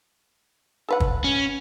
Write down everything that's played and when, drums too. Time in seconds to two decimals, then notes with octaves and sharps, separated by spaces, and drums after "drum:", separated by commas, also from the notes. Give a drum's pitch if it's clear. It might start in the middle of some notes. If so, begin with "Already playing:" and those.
0.89 A4 B4 F#5
1.00 drum: kick
1.24 C#4